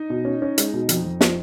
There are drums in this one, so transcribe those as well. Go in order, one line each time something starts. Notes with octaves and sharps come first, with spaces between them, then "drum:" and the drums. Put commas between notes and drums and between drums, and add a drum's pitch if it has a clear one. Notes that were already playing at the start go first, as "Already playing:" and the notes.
Already playing: D#4
B2
C#4
C#4
G#3, drum: hi-hat
B2
F2, drum: hi-hat
F2
F3, drum: snare